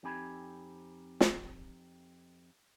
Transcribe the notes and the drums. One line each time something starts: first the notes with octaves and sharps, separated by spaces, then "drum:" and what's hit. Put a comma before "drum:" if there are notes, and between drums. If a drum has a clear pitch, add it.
F2 C4 D#4 G4 G#5 B5
drum: snare